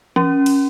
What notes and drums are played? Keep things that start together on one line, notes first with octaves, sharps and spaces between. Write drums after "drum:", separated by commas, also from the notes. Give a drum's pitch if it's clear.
C#4, drum: tom E3
drum: cymbal